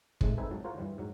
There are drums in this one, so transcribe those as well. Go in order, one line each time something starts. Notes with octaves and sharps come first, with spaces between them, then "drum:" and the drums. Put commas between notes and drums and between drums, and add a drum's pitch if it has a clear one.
G#2 C3 G#3 A3, drum: kick
C4 D#4 A4 B4 E5 G#5
G#2 F#3 A5
F4 A#4 C5 C#5 F5 F#5
G2 E3 G3
G#2 F#3